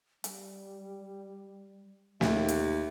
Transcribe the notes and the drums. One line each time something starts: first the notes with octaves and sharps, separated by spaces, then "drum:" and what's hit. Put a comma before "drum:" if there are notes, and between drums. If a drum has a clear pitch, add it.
G3, drum: hi-hat
D#2 E5, drum: snare
drum: hi-hat